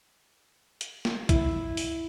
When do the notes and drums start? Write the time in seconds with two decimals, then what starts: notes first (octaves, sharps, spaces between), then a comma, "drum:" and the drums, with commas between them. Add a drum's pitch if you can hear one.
0.81 drum: hi-hat
1.05 drum: snare
1.29 E4, drum: kick, hi-hat
1.77 drum: open hi-hat